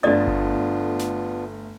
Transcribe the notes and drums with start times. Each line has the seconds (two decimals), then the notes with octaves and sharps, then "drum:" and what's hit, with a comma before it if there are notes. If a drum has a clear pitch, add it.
0.03 G1 A3 B3 D4 F4 D5 D#6 A6
0.27 drum: kick G1
0.99 drum: snare